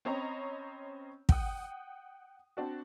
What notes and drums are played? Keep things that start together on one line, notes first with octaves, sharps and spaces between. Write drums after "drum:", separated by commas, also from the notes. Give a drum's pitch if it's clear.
C4 C#4 C#5 D#5 A#5 B5
F#5 G5 D#6, drum: kick
C4 D4 F#4